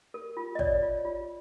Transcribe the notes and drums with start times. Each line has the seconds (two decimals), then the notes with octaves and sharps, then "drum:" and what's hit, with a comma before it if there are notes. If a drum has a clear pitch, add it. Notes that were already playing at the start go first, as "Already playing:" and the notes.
0.14 A#4
0.37 F4
0.55 D#5
0.59 C#5 D5, drum: kick
0.82 F4
1.05 F4